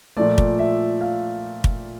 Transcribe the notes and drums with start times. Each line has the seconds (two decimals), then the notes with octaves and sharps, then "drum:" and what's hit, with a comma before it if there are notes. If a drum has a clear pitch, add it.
0.17 A#2 F3 A3 D5
0.38 drum: kick
0.59 E5
1.01 F5
1.64 drum: kick